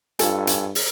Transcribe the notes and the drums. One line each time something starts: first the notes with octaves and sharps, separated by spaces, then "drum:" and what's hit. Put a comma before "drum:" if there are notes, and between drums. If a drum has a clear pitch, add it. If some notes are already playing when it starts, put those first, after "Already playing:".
G2 F4 A4 G#5, drum: hi-hat
drum: hi-hat
drum: open hi-hat